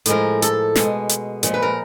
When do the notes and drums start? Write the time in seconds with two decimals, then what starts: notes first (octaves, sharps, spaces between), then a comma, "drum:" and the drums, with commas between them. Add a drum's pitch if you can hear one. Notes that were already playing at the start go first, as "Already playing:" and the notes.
0.06 A2 F3 G#3 A#4, drum: hi-hat
0.42 A4, drum: hi-hat
0.76 B2 G#3, drum: snare
1.09 drum: hi-hat
1.43 A#2 F3 G#3, drum: hi-hat
1.54 B4
1.62 A#4